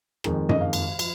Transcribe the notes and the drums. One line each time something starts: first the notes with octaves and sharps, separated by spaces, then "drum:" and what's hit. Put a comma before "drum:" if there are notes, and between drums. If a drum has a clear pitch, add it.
F2 D#3 G#3, drum: rim click
D#5, drum: tom F#2
F5
drum: cymbal
F3, drum: cymbal